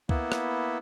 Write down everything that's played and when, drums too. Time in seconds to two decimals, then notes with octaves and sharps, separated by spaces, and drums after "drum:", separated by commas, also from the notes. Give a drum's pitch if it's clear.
0.09 A#3 B3 E4, drum: kick
0.32 drum: rim click